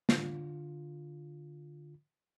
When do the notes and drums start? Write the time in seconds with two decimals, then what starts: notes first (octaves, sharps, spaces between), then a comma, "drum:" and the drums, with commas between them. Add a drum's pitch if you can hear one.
0.09 D3 F4, drum: snare